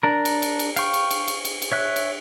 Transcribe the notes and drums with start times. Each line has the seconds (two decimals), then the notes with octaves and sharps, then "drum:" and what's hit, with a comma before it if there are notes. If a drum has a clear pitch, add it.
0.03 D4 A#4
0.25 drum: cymbal
0.42 drum: cymbal
0.59 drum: cymbal
0.76 F5 G5 C#6, drum: cymbal
0.93 drum: cymbal
1.11 drum: cymbal
1.28 drum: cymbal
1.45 drum: cymbal
1.62 drum: cymbal
1.72 C#5 E5 F#6
1.96 drum: cymbal